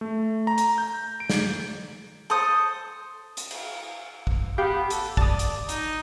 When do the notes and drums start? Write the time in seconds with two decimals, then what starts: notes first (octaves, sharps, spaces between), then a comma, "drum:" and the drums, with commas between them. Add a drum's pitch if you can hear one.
0.01 A3
0.47 A#5
0.58 drum: hi-hat
0.78 G6
1.20 D7
1.30 drum: snare
2.30 A4 C5 D#6
3.37 drum: hi-hat
3.51 drum: cymbal
4.27 drum: kick
4.58 B3 G4 F5 G5
4.90 A4, drum: hi-hat
5.17 D5 A5 D#6, drum: kick
5.39 drum: hi-hat
5.69 D#4, drum: hi-hat